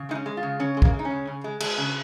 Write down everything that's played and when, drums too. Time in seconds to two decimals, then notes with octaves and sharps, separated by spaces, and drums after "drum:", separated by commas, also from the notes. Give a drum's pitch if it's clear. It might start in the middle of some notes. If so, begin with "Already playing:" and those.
Already playing: C#3
0.09 G#3 D#4
0.15 C#4
0.26 G#3
0.37 F4
0.43 C#3
0.59 C#3 C#4
0.77 G#3
0.82 A#3, drum: kick
0.93 G#3
0.99 D#4
1.05 C#4
1.10 C#3
1.27 C#3
1.44 G#3
1.60 G#3, drum: cymbal
1.78 C#3